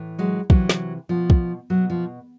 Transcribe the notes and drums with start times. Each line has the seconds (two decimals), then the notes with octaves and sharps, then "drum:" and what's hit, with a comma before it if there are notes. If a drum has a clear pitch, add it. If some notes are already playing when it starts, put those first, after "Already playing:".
Already playing: A2 E3
0.19 F#3 G#3
0.50 C3 E3 F#3, drum: kick
0.69 drum: snare
1.09 B2 F3
1.30 drum: kick
1.70 B2 F#3
1.90 F3